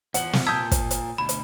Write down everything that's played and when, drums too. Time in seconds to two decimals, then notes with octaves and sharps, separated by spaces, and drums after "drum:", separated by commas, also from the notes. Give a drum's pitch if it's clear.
0.14 E2 F3 F#5 F#7, drum: hi-hat
0.33 drum: snare
0.47 A#2 A5 D#6 E6 G6 G#6 B6
0.72 drum: kick, hi-hat
0.91 drum: hi-hat
1.18 D2 B2 B5
1.29 drum: hi-hat